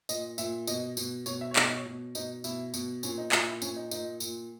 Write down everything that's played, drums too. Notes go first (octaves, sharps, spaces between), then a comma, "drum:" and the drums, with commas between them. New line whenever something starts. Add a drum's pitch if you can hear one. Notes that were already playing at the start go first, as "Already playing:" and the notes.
A#2 D#5, drum: tambourine
A#2 E5, drum: tambourine
B2 D#5, drum: tambourine
B2, drum: tambourine
B2 C#5, drum: tambourine
E5
C#5
B2 D#5, drum: clap
D#5
C#5
B2
B2 D#4, drum: tambourine
B2 E4, drum: tambourine
B2, drum: tambourine
A#2 C#4, drum: tambourine
D#4
A#2 E4, drum: clap
E4
A#2 C#4, drum: tambourine
D#4
A#2 D#4, drum: tambourine
A#2, drum: tambourine